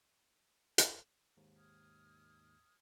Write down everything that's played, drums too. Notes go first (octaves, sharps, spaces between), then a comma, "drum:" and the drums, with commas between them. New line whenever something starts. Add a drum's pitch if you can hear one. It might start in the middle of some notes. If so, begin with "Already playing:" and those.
drum: hi-hat
D#2 G#2
D#6 F6 G#6